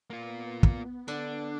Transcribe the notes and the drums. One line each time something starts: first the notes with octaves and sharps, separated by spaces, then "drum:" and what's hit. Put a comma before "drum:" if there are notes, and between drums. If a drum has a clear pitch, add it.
A#3 B3 F4
drum: kick
D3 D4